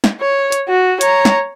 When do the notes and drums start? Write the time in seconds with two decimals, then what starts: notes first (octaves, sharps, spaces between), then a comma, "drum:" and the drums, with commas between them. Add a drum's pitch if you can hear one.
0.04 drum: snare
0.21 C#5
0.52 drum: hi-hat
0.69 F#4
1.01 C#5 A#5, drum: hi-hat
1.25 drum: snare